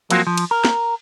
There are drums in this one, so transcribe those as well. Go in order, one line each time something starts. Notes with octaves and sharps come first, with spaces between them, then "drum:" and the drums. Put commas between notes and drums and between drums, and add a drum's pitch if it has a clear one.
F3 F#3 A#3 C4 F4 F#4, drum: cymbal
F3
drum: cymbal
A#4
drum: snare